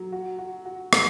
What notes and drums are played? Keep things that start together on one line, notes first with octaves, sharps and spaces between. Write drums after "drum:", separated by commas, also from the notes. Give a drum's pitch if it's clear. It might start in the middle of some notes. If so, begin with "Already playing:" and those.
Already playing: F#3
F#4
F#4
F#4
F#4, drum: rim click